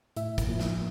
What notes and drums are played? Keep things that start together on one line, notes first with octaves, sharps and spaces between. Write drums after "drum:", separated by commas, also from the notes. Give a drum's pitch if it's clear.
A2 E4 E5, drum: hi-hat
drum: kick, hi-hat
F3 A#3
drum: snare